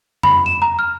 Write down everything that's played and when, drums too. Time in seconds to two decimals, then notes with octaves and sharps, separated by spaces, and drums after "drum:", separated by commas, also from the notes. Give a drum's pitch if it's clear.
0.23 B5, drum: tom F2
0.46 E7
0.62 A#5
0.79 F6